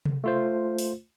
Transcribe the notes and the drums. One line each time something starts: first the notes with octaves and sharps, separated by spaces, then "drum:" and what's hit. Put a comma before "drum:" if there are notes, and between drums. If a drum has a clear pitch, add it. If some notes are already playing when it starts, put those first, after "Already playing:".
drum: tom C3
A3 F4 C5
drum: open hi-hat